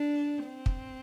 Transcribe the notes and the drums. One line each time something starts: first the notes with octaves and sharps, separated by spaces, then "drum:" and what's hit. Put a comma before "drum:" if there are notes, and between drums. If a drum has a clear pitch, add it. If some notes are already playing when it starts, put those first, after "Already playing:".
Already playing: D4
C4
drum: kick